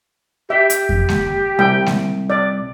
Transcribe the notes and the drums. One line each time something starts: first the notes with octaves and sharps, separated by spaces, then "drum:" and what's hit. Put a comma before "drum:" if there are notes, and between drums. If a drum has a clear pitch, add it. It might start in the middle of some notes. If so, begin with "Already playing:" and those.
G4 E5
drum: hi-hat
drum: kick F2
drum: snare G#3
C2 G5
drum: snare G#3
D5